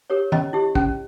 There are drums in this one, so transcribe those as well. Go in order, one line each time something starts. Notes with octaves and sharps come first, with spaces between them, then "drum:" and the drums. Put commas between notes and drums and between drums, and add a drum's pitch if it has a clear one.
G4 A#4 C#5
C#4 D#5, drum: tom D#3
E4 G4
C#4, drum: kick